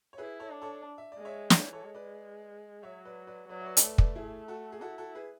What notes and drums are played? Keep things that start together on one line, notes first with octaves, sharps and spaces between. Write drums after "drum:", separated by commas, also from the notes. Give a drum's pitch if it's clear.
C#5
E4 G#4 B4
A4 C#5
D4
A4 C#5
E5
D5
G#3
C#5 E5
E3 C#5 E5, drum: snare
A4 C#5
G#3
B4 D5
F#3 C#5 E5
B4 D5
B4 D5
F#3 B4 D5
E5
B4 D5
C#5, drum: hi-hat
A3 B4 D5
B4 D5, drum: kick
E4 G#4
F#4 A4
G#4
E4 F#4 A4
F#4 A4
G#4 B4